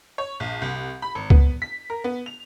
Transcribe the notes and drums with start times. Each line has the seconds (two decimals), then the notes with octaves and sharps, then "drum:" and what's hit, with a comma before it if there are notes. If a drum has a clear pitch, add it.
0.18 C#5
0.40 A#1
0.62 C2
1.02 B5
1.15 G#1
1.30 B3, drum: kick C#2
1.62 B6
1.90 A#4
2.04 B3
2.26 F7